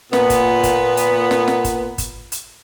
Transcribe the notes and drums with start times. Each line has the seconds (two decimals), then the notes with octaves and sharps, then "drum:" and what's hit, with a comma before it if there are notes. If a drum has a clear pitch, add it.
0.13 A#2 B3, drum: snare
0.30 drum: kick G1, hi-hat
0.63 drum: kick G1, hi-hat
0.97 drum: hi-hat
1.31 drum: snare
1.48 drum: snare
1.64 drum: kick G1, hi-hat
1.98 drum: kick G1, hi-hat
2.32 drum: hi-hat